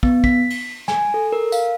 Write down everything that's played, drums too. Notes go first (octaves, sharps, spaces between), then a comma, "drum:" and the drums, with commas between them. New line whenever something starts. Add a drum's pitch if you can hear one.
B3, drum: kick
B6, drum: kick
drum: cymbal
G#5, drum: snare
A4
A#4
F5, drum: tambourine